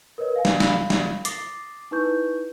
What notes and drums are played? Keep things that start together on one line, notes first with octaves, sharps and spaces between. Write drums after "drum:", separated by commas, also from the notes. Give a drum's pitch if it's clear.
A#4 B4 C#5 D#5
F5 G#5
drum: snare
F5 B5 E6, drum: snare
drum: snare
D6 D#6 A6 A#6 C7, drum: hi-hat
D#4 E4 B4 C#6 G6